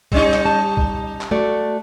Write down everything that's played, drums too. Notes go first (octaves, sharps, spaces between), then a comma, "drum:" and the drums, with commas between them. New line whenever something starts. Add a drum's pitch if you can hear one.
G3 C#4 D#4, drum: kick
drum: clap
A5
drum: kick
drum: clap
A3 F#4 D5